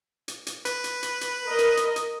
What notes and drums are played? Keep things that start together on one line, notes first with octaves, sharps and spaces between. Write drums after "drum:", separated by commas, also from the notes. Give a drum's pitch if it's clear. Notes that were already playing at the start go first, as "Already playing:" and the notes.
drum: hi-hat
drum: hi-hat
B4, drum: hi-hat
drum: hi-hat
drum: hi-hat
drum: hi-hat
A#4 D#5
drum: hi-hat
drum: hi-hat
drum: hi-hat